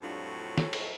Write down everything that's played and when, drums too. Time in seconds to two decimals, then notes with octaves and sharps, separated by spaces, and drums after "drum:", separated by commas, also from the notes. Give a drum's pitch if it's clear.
0.02 F2 A2 F#3 G3 D4 F4
0.58 G#4 A4 C#5, drum: snare
0.73 drum: cymbal